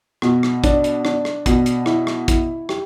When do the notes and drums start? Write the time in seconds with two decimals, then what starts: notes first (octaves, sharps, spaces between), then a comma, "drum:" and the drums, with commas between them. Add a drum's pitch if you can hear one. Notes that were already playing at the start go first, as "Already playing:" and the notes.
0.22 B2, drum: rim click
0.43 drum: rim click
0.64 D4, drum: kick, hi-hat
0.84 drum: hi-hat
1.05 D4, drum: rim click
1.25 drum: rim click
1.46 B2, drum: kick, hi-hat
1.66 drum: hi-hat
1.86 E4, drum: rim click
2.07 drum: rim click
2.28 E4, drum: kick, hi-hat
2.69 G4, drum: rim click